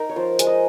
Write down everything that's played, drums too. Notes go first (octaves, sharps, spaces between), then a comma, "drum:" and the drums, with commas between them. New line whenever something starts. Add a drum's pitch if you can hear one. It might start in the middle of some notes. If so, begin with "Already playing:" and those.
Already playing: D#4 A#4
C#5
F3 C5
G#3, drum: hi-hat
D#5